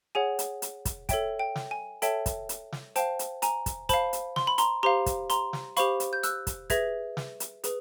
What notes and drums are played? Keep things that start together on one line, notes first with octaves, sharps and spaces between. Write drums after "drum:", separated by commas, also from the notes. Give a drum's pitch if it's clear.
G#4 C#5 F#5 G#5
drum: hi-hat
drum: hi-hat
drum: kick, hi-hat
A4 C#5 E5 G5, drum: kick, hi-hat
G5
drum: snare
G#5
A4 C#5 E5 G5 A5, drum: hi-hat
drum: kick, hi-hat
drum: hi-hat
drum: snare
C5 F5 G5 A5, drum: hi-hat
drum: hi-hat
G#5 A#5, drum: hi-hat
drum: kick, hi-hat
C5 F5 A5 B5, drum: kick, hi-hat
drum: hi-hat
C6, drum: snare
B5
A#5 C6, drum: hi-hat
G4 C5 F5 A#5 C6
drum: kick, hi-hat
A#5 C6, drum: hi-hat
drum: snare
G4 C5 F5 B5 C#6, drum: hi-hat
drum: hi-hat
G6
E6 F#6, drum: hi-hat
drum: kick, hi-hat
G#4 B4 E5 G#6 A#6, drum: kick, hi-hat
drum: snare
drum: hi-hat
G#4 B4, drum: hi-hat